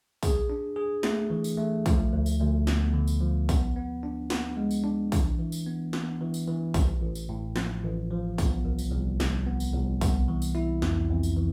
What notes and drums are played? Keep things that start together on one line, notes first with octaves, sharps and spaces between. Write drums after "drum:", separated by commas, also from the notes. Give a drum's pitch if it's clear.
G#4, drum: kick, tambourine
D4
G#4
A3, drum: snare
E3
drum: tambourine
A3
F3, drum: kick, tambourine
D2
drum: tambourine
D2
B3, drum: snare
D3
drum: tambourine
F3
B3, drum: kick, tambourine
B3
D4
B3, drum: snare
G#3
drum: tambourine
D4
E3, drum: kick, tambourine
E3
drum: tambourine
B3
B3, drum: snare
E3
drum: tambourine
E3
A1, drum: kick, tambourine
A1
drum: tambourine
A2
F3, drum: snare
A1
F3
B3, drum: kick, tambourine
C2
drum: tambourine
C2
C2, drum: snare
B3
drum: tambourine
C2
B3, drum: kick, tambourine
E3
drum: tambourine
E4
F2, drum: snare
F2
drum: tambourine
E3